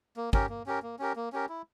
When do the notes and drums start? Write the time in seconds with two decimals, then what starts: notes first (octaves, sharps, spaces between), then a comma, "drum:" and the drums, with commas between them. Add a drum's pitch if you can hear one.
0.17 A#3
0.33 C#4 G4 A#4, drum: kick
0.49 A#3
0.66 C#4 G4 A#4
0.82 A#3
0.99 C#4 G4 A#4
1.16 A#3
1.33 C#4 G4 A#4
1.49 E4